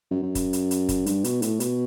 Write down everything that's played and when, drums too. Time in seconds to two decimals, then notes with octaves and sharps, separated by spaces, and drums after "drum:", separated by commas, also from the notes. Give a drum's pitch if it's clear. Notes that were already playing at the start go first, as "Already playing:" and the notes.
0.11 F#2
0.23 F#2
0.35 drum: kick, hi-hat
0.53 drum: hi-hat
0.71 drum: hi-hat
0.89 drum: kick, hi-hat
1.06 G2, drum: hi-hat
1.24 B2, drum: hi-hat
1.42 A2, drum: hi-hat
1.60 B2, drum: hi-hat